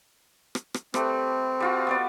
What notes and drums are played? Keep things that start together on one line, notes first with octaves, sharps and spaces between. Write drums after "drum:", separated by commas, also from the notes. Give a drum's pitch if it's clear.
drum: rim click
drum: rim click
G3 A3 C4 B4, drum: rim click
G3 F4 F#4
B3 B4 D5